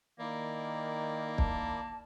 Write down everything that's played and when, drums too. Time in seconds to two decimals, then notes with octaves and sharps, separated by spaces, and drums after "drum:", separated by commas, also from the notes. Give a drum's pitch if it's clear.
0.19 D#3 A#3 E4 A#4 D5
1.38 A5, drum: kick